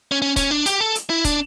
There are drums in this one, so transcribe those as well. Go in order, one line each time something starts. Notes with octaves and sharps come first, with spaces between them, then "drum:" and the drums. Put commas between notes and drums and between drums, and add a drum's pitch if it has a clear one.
C#4
C#4
C#4, drum: kick, hi-hat
D4
G4, drum: hi-hat
A4
drum: hi-hat
E4
D4, drum: kick, hi-hat